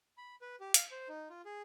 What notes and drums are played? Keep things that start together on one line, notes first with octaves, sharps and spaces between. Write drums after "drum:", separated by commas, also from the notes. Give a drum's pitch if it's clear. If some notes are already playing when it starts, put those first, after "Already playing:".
B5
B4
G4
F5, drum: hi-hat
C5
D#4
F4
G#4